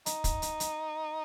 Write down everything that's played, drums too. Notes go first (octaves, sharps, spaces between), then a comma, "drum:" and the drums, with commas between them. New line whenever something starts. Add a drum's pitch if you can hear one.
D#4, drum: hi-hat
drum: kick, hi-hat
drum: hi-hat
drum: hi-hat